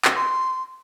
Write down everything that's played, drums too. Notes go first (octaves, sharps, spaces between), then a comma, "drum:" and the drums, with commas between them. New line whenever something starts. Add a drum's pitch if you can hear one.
drum: clap
C6